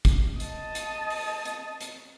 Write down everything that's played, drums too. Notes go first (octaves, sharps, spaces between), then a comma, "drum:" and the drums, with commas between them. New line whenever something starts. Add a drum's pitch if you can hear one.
drum: kick, hi-hat
D#5 A5, drum: hi-hat
drum: hi-hat
drum: open hi-hat
drum: hi-hat
drum: hi-hat